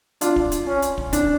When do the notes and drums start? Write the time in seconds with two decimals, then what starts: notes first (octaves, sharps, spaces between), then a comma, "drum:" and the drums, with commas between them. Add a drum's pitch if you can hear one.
0.21 D4 F4, drum: hi-hat
0.36 drum: kick
0.52 drum: hi-hat
0.67 C#4
0.82 drum: hi-hat
0.98 drum: kick
1.13 D4, drum: kick, hi-hat